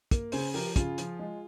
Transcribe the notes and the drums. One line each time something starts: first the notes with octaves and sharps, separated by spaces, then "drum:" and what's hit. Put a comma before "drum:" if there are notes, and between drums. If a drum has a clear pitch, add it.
A#3, drum: kick, hi-hat
C#3 G#4 C5, drum: open hi-hat
F3 G4 A#4, drum: open hi-hat
C#3 F4 G#4, drum: kick, hi-hat
F3, drum: hi-hat
G#3